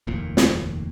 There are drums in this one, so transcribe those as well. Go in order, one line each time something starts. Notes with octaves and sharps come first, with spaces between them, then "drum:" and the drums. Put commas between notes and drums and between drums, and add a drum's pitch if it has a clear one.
F1 D#2 A#2
drum: snare